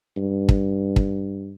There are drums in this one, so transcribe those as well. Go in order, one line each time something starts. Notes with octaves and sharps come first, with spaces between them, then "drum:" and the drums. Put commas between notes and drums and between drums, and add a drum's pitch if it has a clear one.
G2
drum: kick
drum: kick